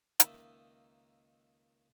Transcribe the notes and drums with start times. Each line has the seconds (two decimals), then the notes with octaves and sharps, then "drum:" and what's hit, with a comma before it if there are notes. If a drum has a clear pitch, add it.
0.20 C#2 D#3 A#3 D#4 E5 A5, drum: hi-hat